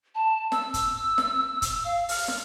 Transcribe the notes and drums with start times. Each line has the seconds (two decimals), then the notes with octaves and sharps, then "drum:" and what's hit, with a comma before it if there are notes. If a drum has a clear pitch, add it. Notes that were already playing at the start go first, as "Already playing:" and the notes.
0.15 A5
0.52 E6, drum: snare
0.74 drum: kick, hi-hat
1.18 drum: snare
1.62 drum: kick, hi-hat
1.85 F5
2.09 F6, drum: open hi-hat
2.28 drum: snare